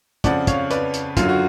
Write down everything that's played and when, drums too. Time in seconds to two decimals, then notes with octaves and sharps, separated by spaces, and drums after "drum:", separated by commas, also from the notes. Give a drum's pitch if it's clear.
0.24 F2 C#3 F3 D5 F#5, drum: kick, hi-hat
0.47 C#5 F5, drum: kick, hi-hat
0.71 B4 D5, drum: hi-hat
0.94 drum: hi-hat
1.17 F#2 D3 F#3 F4, drum: kick, hi-hat
1.29 F#4